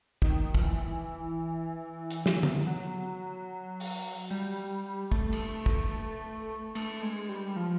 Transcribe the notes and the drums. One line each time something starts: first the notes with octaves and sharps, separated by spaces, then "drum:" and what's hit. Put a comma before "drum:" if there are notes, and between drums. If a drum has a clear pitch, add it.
D#3, drum: kick
F3, drum: kick
E3
drum: hi-hat
drum: snare
drum: tom
F#3
drum: open hi-hat
G3
A3, drum: kick
drum: cymbal
drum: kick
A3, drum: cymbal
G#3
G3
F3